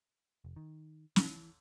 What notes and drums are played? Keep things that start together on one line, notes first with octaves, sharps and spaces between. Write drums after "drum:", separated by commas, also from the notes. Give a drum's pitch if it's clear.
F1
D#3
E3, drum: snare